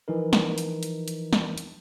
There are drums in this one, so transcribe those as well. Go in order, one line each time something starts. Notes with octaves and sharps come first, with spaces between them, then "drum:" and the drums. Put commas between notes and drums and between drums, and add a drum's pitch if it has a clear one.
E3 F3 D#4 A#4
drum: snare
drum: hi-hat
drum: hi-hat
drum: hi-hat
drum: snare
drum: hi-hat